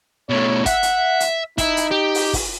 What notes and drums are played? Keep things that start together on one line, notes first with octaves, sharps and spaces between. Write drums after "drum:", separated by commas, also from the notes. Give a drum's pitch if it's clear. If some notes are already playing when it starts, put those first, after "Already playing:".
B2 A3 C#5
E5 F#5, drum: kick, hi-hat
drum: hi-hat
drum: hi-hat
D#4 E4, drum: kick, hi-hat
drum: hi-hat
G4
drum: open hi-hat
drum: kick, open hi-hat